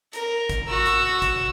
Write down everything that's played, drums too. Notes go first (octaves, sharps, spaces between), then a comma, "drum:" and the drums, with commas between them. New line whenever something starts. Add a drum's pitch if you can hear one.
A#4, drum: hi-hat
drum: kick G#1, hi-hat
F#4 E6
drum: hi-hat
drum: kick G#1, hi-hat